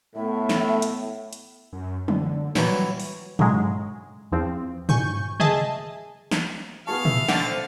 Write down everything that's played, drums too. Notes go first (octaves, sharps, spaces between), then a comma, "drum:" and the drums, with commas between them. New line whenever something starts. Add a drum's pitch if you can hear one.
A2 A3 B3 E5
drum: snare
drum: hi-hat
drum: hi-hat
F#2
D3, drum: tom
A#2 E3 F#3, drum: snare
G3
drum: open hi-hat
A2 C#3 F#3 G#3, drum: tom
E2 F3 C4
G#5 C#6 G6, drum: tom
G#4 D#5 E5 G#5 A5, drum: tom
drum: snare
B3 G#4 F5 A5 C#6
E5, drum: tom
D3 F#5 A6, drum: snare
C5